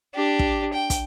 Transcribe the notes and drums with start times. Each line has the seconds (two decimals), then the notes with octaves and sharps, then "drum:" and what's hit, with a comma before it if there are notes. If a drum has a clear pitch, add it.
0.14 D4 G4
0.39 drum: kick
0.73 G5
0.90 drum: kick, hi-hat